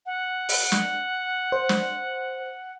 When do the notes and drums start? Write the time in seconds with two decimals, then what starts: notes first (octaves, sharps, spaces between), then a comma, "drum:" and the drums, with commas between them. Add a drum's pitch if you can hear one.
0.06 F#5
0.49 drum: open hi-hat
0.72 drum: snare
1.52 C5
1.69 drum: snare